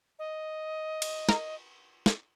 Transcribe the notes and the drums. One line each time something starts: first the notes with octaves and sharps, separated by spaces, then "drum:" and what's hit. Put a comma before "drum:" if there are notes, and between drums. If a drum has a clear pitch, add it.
D#5
drum: cymbal
A#4, drum: snare
drum: snare